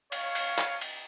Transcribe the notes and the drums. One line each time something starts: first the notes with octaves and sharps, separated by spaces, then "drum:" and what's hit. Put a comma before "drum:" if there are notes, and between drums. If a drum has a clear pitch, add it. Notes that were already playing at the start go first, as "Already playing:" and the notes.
C#5 F5, drum: cymbal
drum: cymbal
drum: clap
drum: cymbal